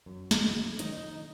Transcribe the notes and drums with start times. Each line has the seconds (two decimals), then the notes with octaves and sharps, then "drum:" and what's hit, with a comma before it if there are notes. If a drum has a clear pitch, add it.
0.06 F#2
0.31 drum: snare
0.43 D#3
0.79 D#3 D#4 D#5, drum: hi-hat